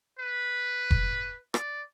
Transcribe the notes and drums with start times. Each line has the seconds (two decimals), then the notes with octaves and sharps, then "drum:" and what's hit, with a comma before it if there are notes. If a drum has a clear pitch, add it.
0.19 B4
0.91 drum: kick F1
1.54 D5, drum: rim click